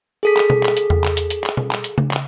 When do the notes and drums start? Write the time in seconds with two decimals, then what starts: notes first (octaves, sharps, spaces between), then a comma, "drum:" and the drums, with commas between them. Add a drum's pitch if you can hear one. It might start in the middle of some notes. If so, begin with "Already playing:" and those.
0.23 G#4 A4 B6
0.36 drum: clap
0.50 drum: tom
0.63 drum: clap
0.77 drum: hi-hat
0.90 drum: tom E2
1.04 drum: clap
1.17 drum: hi-hat
1.30 drum: hi-hat
1.44 drum: clap
1.57 drum: tom
1.71 drum: clap
1.84 drum: hi-hat
1.98 drum: tom C#3
2.11 drum: clap